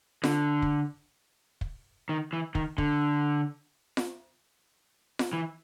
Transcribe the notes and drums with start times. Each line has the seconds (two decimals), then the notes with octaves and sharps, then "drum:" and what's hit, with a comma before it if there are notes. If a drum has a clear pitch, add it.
0.24 D3, drum: snare F4
0.62 drum: kick
1.61 drum: kick
2.09 D#3
2.33 E3
2.55 D#3, drum: kick
2.78 D3, drum: kick
3.97 drum: snare F4
5.19 drum: snare F4
5.33 E3